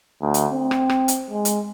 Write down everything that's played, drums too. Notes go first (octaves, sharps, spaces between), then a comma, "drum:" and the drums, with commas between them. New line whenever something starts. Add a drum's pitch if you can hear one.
D2
drum: hi-hat
C4
drum: rim click
drum: rim click
drum: hi-hat
G#3
drum: hi-hat